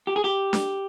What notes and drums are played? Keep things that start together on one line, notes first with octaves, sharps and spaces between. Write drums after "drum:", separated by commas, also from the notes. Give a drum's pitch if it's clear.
G4
G#4
G4
drum: snare D4